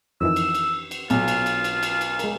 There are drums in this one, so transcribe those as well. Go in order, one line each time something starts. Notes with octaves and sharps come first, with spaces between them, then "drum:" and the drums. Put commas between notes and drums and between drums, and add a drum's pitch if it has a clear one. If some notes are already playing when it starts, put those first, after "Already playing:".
F2 D#3 E3 E6
drum: cymbal
drum: cymbal
drum: cymbal
B1 F4, drum: cymbal
drum: cymbal
drum: cymbal
drum: cymbal
drum: cymbal
drum: cymbal
G#3 A#4, drum: cymbal